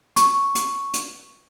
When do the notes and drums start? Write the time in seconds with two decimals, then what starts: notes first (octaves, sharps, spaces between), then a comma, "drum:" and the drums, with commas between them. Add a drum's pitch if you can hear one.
0.16 C#6, drum: hi-hat
0.55 drum: hi-hat
0.94 drum: hi-hat